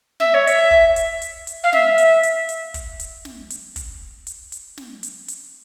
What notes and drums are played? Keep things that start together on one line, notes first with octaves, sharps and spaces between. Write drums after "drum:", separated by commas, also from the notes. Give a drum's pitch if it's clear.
E5, drum: snare
C#5
E5, drum: hi-hat
drum: kick
drum: hi-hat
drum: hi-hat
drum: hi-hat
F5
E5, drum: snare
drum: hi-hat
drum: hi-hat
drum: hi-hat
drum: kick, hi-hat
drum: hi-hat
drum: snare
drum: hi-hat
drum: kick, hi-hat
drum: hi-hat
drum: hi-hat
drum: snare
drum: hi-hat
drum: hi-hat